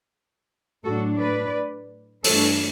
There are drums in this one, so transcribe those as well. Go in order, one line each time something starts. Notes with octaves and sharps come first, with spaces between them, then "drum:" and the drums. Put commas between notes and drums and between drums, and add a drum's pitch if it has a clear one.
A2 F#3 A3 D4 F#4 A4
B4 D5
G2 E3 A3 D4 A4 C#5, drum: open hi-hat